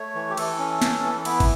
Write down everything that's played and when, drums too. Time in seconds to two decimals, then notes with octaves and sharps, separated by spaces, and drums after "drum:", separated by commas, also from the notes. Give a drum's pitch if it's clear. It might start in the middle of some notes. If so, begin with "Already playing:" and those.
Already playing: A3 C#5
0.15 E3
0.30 G4
0.37 E3 A4, drum: cymbal
0.59 C#4
0.82 E3, drum: snare
1.03 E3
1.25 B3 E4, drum: cymbal
1.40 drum: kick, cymbal